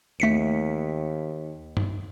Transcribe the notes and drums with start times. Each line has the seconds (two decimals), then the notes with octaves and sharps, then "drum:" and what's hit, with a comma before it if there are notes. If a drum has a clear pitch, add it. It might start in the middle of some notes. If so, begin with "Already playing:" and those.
0.20 D#2 A3 B6 C#7
1.77 drum: tom G2